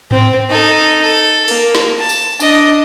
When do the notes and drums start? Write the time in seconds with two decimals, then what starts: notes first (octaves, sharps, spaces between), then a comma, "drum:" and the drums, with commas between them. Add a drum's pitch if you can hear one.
0.11 C4, drum: tom G#2
0.49 D#4 A4
1.02 A4
1.48 A#3, drum: open hi-hat
1.75 drum: snare
1.99 A5
2.09 drum: tambourine
2.40 D4 D#5, drum: tambourine